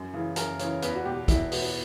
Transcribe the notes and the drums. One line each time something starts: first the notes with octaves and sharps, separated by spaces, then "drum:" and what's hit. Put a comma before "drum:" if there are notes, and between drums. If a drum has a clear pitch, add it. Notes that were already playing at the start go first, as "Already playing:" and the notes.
Already playing: F#2
C#3 E3
F#2 A#4, drum: hi-hat
C#3 E3 C#5, drum: hi-hat
E2 B4, drum: hi-hat
F#4
B2 G4
E2 E4, drum: kick, hi-hat
B2 B3, drum: open hi-hat